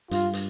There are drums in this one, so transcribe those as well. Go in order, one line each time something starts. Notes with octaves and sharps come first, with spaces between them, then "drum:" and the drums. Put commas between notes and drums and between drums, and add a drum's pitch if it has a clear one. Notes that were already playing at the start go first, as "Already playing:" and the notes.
G2 F4, drum: hi-hat
drum: hi-hat